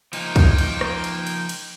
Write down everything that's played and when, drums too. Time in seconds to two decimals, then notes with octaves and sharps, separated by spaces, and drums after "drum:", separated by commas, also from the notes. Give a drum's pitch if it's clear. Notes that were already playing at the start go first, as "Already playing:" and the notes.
0.13 F3 A#3 D#4 G5, drum: cymbal
0.36 drum: kick, cymbal
0.58 drum: cymbal
0.81 drum: rim click
1.04 drum: cymbal
1.27 drum: cymbal
1.49 drum: cymbal